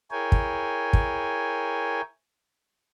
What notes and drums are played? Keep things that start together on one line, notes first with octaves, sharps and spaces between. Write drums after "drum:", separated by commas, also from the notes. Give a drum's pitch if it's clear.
E4 G#4 A#4 C#5 G5 G#5
drum: kick
drum: kick